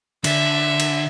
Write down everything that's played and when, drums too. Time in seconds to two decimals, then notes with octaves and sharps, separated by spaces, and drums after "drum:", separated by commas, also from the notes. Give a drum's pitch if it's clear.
0.24 D3 E5, drum: cymbal
0.80 drum: cymbal